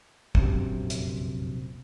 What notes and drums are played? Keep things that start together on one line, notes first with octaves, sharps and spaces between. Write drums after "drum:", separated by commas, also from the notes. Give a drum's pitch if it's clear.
F1 A#1 F#2 C3, drum: kick
drum: hi-hat